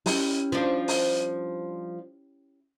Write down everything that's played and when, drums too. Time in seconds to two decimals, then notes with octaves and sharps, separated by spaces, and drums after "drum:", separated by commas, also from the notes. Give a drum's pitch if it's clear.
0.06 C#4 E4 G4, drum: open hi-hat
0.52 F3 G3 D4
0.88 drum: open hi-hat